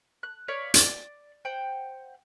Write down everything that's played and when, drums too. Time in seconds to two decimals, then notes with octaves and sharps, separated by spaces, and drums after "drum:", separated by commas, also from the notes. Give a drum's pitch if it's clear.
0.23 F#6
0.48 B4 C#5 D5 F5
0.74 D5, drum: hi-hat
1.45 C5 F#5 G5